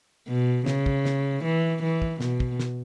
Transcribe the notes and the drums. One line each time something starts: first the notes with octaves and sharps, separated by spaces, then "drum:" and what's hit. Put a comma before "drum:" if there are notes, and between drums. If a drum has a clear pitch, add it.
B2
C#3, drum: snare
drum: kick
drum: snare
E3
E3
drum: kick
B2, drum: snare
drum: kick
drum: snare